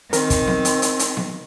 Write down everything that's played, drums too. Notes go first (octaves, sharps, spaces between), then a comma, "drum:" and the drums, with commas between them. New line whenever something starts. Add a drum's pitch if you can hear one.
D#3 C4 A#4, drum: hi-hat
drum: kick, hi-hat
drum: snare B3
drum: hi-hat
drum: hi-hat
drum: hi-hat
drum: snare B3